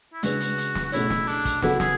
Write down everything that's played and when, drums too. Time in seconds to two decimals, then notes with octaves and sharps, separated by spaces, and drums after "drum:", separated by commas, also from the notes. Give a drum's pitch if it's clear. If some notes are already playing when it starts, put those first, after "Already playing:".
0.13 E4
0.23 C#3 G#3 D4 F#4 G#4 B4, drum: hi-hat
0.40 drum: hi-hat
0.58 drum: hi-hat
0.75 drum: snare
0.84 F#4
0.92 B2 A3 C#4 E4 G#4 C#5, drum: hi-hat
1.10 drum: snare
1.27 D4, drum: open hi-hat
1.45 drum: kick, hi-hat
1.62 C#3 F#3 B3 E4 F#4 A4, drum: snare
1.80 G#4, drum: snare